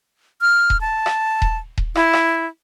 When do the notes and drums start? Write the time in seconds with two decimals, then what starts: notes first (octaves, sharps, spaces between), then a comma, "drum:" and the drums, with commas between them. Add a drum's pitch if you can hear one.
0.41 F6
0.70 drum: kick D#1
0.81 A5
1.06 drum: rim click
1.42 drum: kick D#1
1.78 drum: kick D#1
1.95 E4, drum: rim click
2.13 drum: rim click